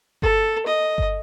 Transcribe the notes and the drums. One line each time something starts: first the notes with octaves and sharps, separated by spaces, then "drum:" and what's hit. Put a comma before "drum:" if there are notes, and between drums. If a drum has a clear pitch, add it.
A4, drum: kick G1
D#5
drum: kick G1